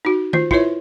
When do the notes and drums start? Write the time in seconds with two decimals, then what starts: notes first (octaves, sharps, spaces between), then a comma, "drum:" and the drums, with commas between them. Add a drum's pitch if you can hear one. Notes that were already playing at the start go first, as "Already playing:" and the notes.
0.05 D#4 F#4
0.33 F4 C5, drum: tom D#3
0.51 E4 F4 B4 C#5 E5, drum: kick